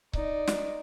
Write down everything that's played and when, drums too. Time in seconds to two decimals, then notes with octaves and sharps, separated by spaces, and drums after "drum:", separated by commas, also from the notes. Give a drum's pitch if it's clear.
0.13 D#4 D5, drum: kick C#1
0.47 drum: snare